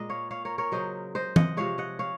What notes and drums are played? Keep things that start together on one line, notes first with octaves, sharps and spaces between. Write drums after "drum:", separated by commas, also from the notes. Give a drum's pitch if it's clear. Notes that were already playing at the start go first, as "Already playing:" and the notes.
Already playing: A#2 G#3 D#5
C#5 F5
C#5 F5
A#4 C#5
A#4 C#5
C#3 F#3 C5 D#5
C5 D#5
D#5 F#5, drum: tom E3
C3 F3 G#3 C#5 F5
D#5 F#5
C#5 F5